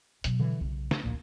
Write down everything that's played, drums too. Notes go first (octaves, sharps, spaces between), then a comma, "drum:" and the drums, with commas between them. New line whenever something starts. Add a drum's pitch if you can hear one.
B2 F#3, drum: hi-hat
D3 E3
B1 C#3
D4, drum: snare
D1 A#1 A#2